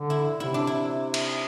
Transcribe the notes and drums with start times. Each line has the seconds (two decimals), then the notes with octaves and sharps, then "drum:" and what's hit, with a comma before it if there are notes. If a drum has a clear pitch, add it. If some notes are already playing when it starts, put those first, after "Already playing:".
Already playing: D3
0.10 E4
0.40 C3 E4
0.54 D4
0.67 E4
1.14 drum: cymbal